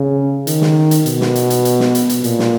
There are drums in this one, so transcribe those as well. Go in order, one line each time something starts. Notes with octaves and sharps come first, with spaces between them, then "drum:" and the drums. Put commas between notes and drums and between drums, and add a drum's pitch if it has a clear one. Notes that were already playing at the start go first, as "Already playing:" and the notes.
Already playing: C#3
D#3, drum: hi-hat
drum: snare
drum: hi-hat
B2, drum: hi-hat
drum: snare
drum: hi-hat
drum: hi-hat
drum: hi-hat
drum: snare
drum: hi-hat
drum: hi-hat
A#2, drum: hi-hat
drum: snare